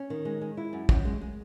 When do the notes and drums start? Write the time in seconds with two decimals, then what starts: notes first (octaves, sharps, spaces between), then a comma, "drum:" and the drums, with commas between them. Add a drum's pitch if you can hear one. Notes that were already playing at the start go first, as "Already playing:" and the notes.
Already playing: C#4
0.10 D#3
0.25 G#3
0.41 G#3
0.57 E4
0.73 F#2
0.89 F#2, drum: kick
1.05 G#3
1.21 G#3